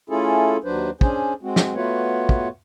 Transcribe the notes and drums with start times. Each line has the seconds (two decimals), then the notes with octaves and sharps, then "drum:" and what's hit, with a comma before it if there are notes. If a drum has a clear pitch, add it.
0.10 A3 C#4 E4 F4 G#4 A4
0.64 D#2 F#3 D4 B4 C5
1.01 C#4 D4 G#4 C5, drum: kick
1.43 G#3 C4 F#4
1.56 drum: snare
1.75 A3 B3 F4 F#4 B4 C#5
2.29 drum: kick